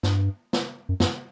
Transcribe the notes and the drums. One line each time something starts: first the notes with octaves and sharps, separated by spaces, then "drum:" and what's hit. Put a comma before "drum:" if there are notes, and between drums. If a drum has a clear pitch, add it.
G2, drum: snare
drum: snare
F#2
F#2, drum: snare